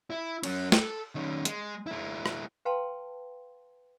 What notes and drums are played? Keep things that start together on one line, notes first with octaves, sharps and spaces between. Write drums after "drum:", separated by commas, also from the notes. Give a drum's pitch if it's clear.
E4
F#3 C#4, drum: cymbal
A4, drum: snare
D#3 C#4
G#3, drum: hi-hat
G#3 E4
drum: rim click
B4 F5 G5 A5 C6